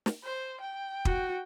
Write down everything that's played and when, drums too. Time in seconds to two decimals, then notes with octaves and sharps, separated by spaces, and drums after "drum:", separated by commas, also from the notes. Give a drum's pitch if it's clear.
0.06 drum: snare
0.24 C5
0.60 G5
1.05 F#4, drum: kick